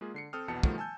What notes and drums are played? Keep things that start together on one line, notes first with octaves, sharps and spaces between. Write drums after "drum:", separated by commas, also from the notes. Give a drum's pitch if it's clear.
G#3 A#3 F4 G#4
D3 C7 C#7
C4 A4 G5 D#6 F6
A#1 E2 B2 B3 A5 C#7
B2 D#3 F3 G3 A3 B3, drum: kick
G#5 A5 E6 G6